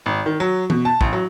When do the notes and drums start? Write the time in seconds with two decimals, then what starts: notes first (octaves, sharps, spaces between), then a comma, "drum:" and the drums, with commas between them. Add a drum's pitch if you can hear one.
0.06 G#1
0.26 D#3
0.40 F#3
0.70 B2, drum: tom
0.85 A5
1.01 A1, drum: kick
1.13 F#3